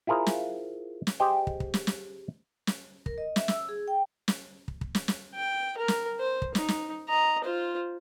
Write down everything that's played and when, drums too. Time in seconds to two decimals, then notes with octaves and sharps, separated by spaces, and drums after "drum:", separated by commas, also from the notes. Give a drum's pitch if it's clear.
0.07 E4 F4 G#4 A#4 C5 F5
0.26 drum: snare
1.07 drum: snare
1.20 G4 G#4 C5 D#5 G5 G#5
1.47 drum: kick
1.60 drum: kick
1.74 drum: snare
1.87 drum: snare
2.67 drum: snare
3.06 A#4, drum: kick
3.18 D#5
3.36 E5, drum: snare
3.48 E6, drum: snare
3.69 G#4
3.88 G5
4.28 drum: snare
4.68 drum: kick
4.81 drum: kick
4.95 drum: snare
5.08 drum: snare
5.35 G5
5.78 A#4
5.88 drum: snare
6.20 C5
6.42 drum: kick
6.55 D#4, drum: snare
6.68 drum: snare
7.09 D#5 A#5
7.44 F4 C5